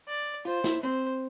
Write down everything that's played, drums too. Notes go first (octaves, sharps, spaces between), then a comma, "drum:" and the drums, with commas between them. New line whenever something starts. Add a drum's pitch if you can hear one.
D5
F4 C5
E4, drum: snare
C4 C5